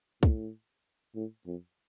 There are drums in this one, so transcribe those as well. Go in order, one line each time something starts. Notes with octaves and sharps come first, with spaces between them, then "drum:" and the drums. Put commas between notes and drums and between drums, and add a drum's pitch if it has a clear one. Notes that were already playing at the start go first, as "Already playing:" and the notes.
A2, drum: kick
A2
F2